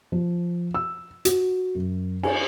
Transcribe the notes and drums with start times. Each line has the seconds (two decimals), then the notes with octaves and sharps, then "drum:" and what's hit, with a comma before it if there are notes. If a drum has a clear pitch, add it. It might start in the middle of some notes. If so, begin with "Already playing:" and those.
0.12 F3
0.74 E6
1.25 F#4, drum: hi-hat
1.75 F#2
2.23 G#5, drum: cymbal